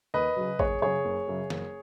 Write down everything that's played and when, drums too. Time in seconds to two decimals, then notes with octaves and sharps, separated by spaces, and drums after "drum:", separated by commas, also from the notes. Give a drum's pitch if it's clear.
0.14 D#2 B4 D#5
0.36 C#3 F#3
0.59 F#1 G#4 C#5, drum: kick
0.82 F#2 C#3 G#4 C#5
1.05 F#1
1.28 F#2 C#3
1.50 F#1, drum: snare